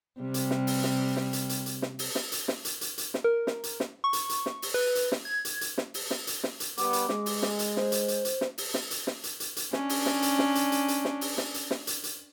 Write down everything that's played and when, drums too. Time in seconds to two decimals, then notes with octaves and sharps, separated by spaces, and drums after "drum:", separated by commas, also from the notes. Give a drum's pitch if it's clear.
0.21 C3 G3
0.34 drum: hi-hat
0.51 drum: snare
0.67 drum: open hi-hat
0.83 drum: snare
1.16 drum: snare
1.33 drum: hi-hat
1.49 drum: hi-hat
1.66 drum: hi-hat
1.82 drum: snare
1.99 drum: open hi-hat
2.15 drum: snare
2.32 drum: hi-hat
2.48 drum: snare
2.65 drum: hi-hat
2.81 drum: hi-hat
2.98 drum: hi-hat
3.14 drum: snare
3.24 A#4
3.47 drum: snare
3.64 drum: hi-hat
3.80 drum: snare
4.04 C#6
4.13 drum: hi-hat
4.29 drum: hi-hat
4.46 drum: snare
4.62 drum: open hi-hat
4.74 B4
4.95 drum: hi-hat
5.12 drum: snare
5.25 G#6
5.45 drum: hi-hat
5.61 drum: hi-hat
5.78 drum: snare
5.94 drum: open hi-hat
6.11 drum: snare
6.27 drum: hi-hat
6.44 drum: snare
6.60 drum: hi-hat
6.77 G3 B3 D6, drum: hi-hat
6.93 drum: hi-hat
7.09 G#3, drum: snare
7.26 drum: open hi-hat
7.42 drum: snare
7.59 drum: hi-hat
7.77 C5, drum: snare
7.92 drum: hi-hat
8.08 drum: hi-hat
8.25 drum: hi-hat
8.41 drum: snare
8.58 drum: open hi-hat
8.74 drum: snare
8.91 drum: hi-hat
9.07 drum: snare
9.24 drum: hi-hat
9.40 drum: hi-hat
9.56 drum: hi-hat
9.73 C#4 D4, drum: snare
9.89 drum: open hi-hat
10.06 drum: snare
10.22 drum: hi-hat
10.39 drum: snare
10.55 drum: hi-hat
10.72 drum: hi-hat
10.88 drum: hi-hat
11.05 drum: snare
11.21 drum: open hi-hat
11.38 drum: snare
11.54 drum: hi-hat
11.71 drum: snare
11.87 drum: hi-hat
12.04 drum: hi-hat